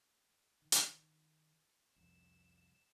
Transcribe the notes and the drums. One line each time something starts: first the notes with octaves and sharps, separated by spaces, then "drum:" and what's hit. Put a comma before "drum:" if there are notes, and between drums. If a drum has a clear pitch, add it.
D#3
drum: hi-hat
C2 F2 E7